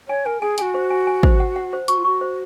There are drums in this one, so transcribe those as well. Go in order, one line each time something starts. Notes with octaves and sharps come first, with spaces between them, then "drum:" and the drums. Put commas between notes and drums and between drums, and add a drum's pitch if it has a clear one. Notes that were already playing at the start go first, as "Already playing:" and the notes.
C#5 G#5
A#4 G#5
G#4 G#5
F#4 G#4 G#5, drum: hi-hat
C5
G#5
G#5
C5, drum: kick
F#5
F#5
C5
F#4 C#6, drum: hi-hat
F4
F#4 C#6
C5